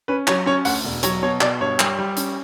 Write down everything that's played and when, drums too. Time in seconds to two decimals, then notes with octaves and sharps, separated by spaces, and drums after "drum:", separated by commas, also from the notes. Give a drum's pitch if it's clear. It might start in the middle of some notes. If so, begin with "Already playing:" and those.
0.08 C#4 B4
0.27 F#3 C#5, drum: clap
0.46 C#4 C#5
0.65 D2 F#5, drum: open hi-hat
0.85 E1
1.03 F#3 C#5, drum: hi-hat
1.22 B2 C#5
1.41 B2 D5, drum: clap
1.60 G2 C#5
1.80 G3, drum: clap
1.99 G3
2.17 C#4, drum: hi-hat